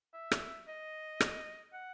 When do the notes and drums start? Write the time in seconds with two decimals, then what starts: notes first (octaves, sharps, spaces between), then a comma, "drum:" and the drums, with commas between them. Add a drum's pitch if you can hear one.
0.14 E5
0.32 drum: rim click
0.68 D#5
1.20 drum: rim click
1.73 F#5